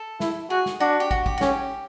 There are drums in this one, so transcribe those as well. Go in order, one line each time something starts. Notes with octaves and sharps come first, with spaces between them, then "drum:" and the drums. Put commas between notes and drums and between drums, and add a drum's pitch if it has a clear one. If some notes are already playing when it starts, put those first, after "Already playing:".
Already playing: A4
E4, drum: snare
F#4 G#4
drum: snare
D4 F#4
G4
F#4, drum: kick
G4, drum: kick
F#4
C#4 G4, drum: snare